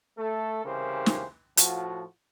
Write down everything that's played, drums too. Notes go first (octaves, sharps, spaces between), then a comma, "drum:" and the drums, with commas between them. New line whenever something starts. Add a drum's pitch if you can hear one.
A3 A4
C2 C#3 E3 G4 A#4 C5
drum: snare
A2 F3 F4 F#4, drum: hi-hat